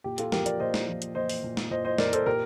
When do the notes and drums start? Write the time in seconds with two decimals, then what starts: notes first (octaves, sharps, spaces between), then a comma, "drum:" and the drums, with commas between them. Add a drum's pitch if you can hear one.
0.04 A#2 G4
0.18 F4 A4, drum: hi-hat
0.32 F3 G4 A#4, drum: snare
0.46 A#4 D5, drum: hi-hat
0.60 A#2 C5 D#5
0.74 drum: snare
0.88 F3
1.02 drum: hi-hat
1.15 A#2 C5 D#5
1.29 drum: open hi-hat
1.44 A#2
1.57 drum: snare
1.71 A#2 C5 D#5
1.85 C5 D#5
1.98 A#2 A#4 D5, drum: snare
2.13 A4 C5, drum: hi-hat
2.26 A#2 G4 A#4